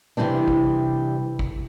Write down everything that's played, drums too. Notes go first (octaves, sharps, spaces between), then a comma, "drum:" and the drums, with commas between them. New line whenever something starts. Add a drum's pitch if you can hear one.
C3 E3 G3 C4 D4
drum: kick
drum: kick